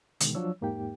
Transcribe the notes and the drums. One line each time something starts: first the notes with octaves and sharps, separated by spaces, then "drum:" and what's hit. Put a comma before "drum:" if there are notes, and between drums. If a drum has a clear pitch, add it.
B2 D3 D#3 G#3, drum: hi-hat
F3 F#3 D4 F4 C#5 E6
E2 G#2 A#3 D#4 G4 G5